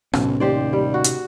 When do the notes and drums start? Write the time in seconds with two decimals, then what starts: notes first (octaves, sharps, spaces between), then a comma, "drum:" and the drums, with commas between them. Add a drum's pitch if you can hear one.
0.13 B1 A2 C3 C#4, drum: rim click
0.40 D#2 G4 C5 D5
0.73 G3
0.94 F#4
1.04 drum: hi-hat